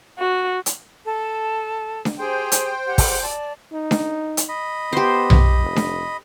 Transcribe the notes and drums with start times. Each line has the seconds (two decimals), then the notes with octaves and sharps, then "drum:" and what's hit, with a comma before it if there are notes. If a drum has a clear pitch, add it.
0.18 F#4
0.66 drum: hi-hat
1.05 A4 A5
2.05 drum: snare D4
2.19 G4 G#4 C5 G5
2.52 drum: hi-hat
2.86 G4 F#5
2.98 drum: kick, open hi-hat
3.21 D5 A5
3.73 D#4
3.91 drum: snare D4
4.37 drum: hi-hat
4.49 D#5 B5
4.93 B3 G4 C5
5.30 drum: tom B1
5.61 F1
5.76 drum: snare D4